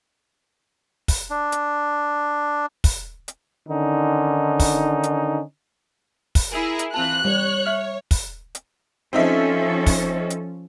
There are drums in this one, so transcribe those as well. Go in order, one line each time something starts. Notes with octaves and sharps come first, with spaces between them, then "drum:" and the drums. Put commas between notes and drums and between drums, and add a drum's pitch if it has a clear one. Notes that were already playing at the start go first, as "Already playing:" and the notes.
drum: kick, open hi-hat
D4
drum: hi-hat
drum: kick, open hi-hat
drum: hi-hat
D3 D#3 C#4 D#4
drum: kick, open hi-hat
drum: hi-hat
drum: kick, open hi-hat
E4 G#4 A#4
drum: hi-hat
E3 C4 F4 A5 F#6
G3 C#5
E5 F6
drum: kick, open hi-hat
drum: hi-hat
F3 C4 C#4 D#4 A4 E5
drum: kick, open hi-hat
drum: hi-hat